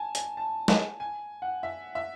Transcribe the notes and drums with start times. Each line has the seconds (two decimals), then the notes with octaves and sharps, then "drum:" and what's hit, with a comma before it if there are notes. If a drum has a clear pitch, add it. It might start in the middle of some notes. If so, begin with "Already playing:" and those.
Already playing: G#5 A5
0.15 G#5, drum: hi-hat
0.37 A5
0.68 G#5, drum: snare
1.00 G#5
1.42 F#5
1.63 E5
1.95 E5